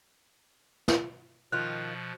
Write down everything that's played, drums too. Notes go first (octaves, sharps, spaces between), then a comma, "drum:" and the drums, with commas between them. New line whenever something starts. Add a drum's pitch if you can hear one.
drum: snare
B2 D#3 F3 F4 F#6